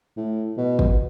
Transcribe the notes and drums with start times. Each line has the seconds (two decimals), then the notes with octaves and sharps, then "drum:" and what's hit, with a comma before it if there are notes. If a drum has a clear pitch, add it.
0.17 A2
0.57 B2
0.79 drum: kick